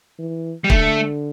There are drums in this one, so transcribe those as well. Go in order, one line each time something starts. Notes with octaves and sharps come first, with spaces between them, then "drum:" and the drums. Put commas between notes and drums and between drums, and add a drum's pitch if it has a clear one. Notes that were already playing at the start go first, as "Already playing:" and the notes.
E3
G3
D3 A3, drum: kick